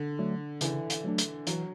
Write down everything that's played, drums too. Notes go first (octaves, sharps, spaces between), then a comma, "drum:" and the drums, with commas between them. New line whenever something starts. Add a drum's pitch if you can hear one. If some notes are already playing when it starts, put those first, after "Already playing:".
Already playing: D3
F#3 A3 D4
C#3 E3, drum: hi-hat
drum: hi-hat
F#3 A3 D4
drum: hi-hat
E3 F#3, drum: hi-hat